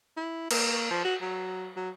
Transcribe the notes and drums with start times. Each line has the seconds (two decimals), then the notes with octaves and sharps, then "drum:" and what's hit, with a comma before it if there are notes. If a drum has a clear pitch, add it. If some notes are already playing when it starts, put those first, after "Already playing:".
0.17 E4
0.51 A#3, drum: cymbal
0.91 F3
1.05 F#4
1.22 F#3
1.76 F#3